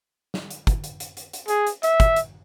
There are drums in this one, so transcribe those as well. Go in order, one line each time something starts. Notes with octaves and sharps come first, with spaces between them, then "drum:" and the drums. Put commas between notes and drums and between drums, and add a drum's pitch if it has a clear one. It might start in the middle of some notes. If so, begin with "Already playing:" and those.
drum: snare
drum: hi-hat
drum: kick, hi-hat
drum: hi-hat
drum: hi-hat
drum: hi-hat
drum: hi-hat
G#4, drum: hi-hat
drum: hi-hat
E5, drum: hi-hat
drum: kick, hi-hat
drum: hi-hat